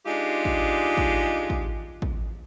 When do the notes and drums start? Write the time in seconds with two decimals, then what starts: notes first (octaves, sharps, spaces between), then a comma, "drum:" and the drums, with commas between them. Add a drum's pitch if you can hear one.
0.06 G#3 D4 D#4 F4 G4
0.45 drum: kick
0.97 drum: kick
1.50 drum: kick
2.02 drum: kick